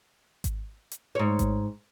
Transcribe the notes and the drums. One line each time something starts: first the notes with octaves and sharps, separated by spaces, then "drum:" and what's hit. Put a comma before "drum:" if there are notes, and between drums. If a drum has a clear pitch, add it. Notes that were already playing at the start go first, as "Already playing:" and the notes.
drum: kick G#1, hi-hat
drum: hi-hat
G#2 C#5
drum: kick G#1, hi-hat